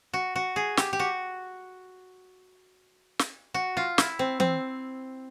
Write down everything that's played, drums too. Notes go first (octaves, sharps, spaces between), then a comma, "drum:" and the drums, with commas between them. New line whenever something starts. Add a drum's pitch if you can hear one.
F#4
F#4
G#4
G4, drum: snare
G4
F#4
drum: snare
F#4
F4
E4, drum: snare
C4
C4, drum: tom E3